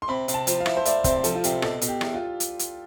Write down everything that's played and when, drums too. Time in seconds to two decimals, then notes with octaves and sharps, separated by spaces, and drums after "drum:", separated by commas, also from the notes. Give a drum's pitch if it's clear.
0.02 C6
0.08 C3 B5
0.28 C3, drum: hi-hat
0.34 A5
0.47 F3, drum: hi-hat
0.60 F5
0.66 E4, drum: rim click
0.77 C5
0.85 A3 D5, drum: hi-hat
1.04 C3 C5, drum: kick, hi-hat
1.24 F3 A4, drum: hi-hat
1.35 F4
1.44 C3 G4, drum: hi-hat
1.62 B2 A4, drum: rim click
1.82 B2, drum: hi-hat
1.88 G4
2.01 E2, drum: rim click
2.14 F4
2.40 drum: hi-hat
2.59 drum: hi-hat